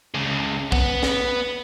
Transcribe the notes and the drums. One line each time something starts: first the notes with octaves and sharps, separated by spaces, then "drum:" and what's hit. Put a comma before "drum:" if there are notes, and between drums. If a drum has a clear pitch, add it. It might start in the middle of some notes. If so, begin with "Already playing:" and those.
C#2 C#3
B3, drum: kick
drum: snare